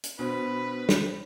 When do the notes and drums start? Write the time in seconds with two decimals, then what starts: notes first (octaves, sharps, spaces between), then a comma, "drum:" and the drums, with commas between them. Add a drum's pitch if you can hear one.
0.04 drum: hi-hat
0.19 B2 D4 B4 C5 B5
0.89 drum: snare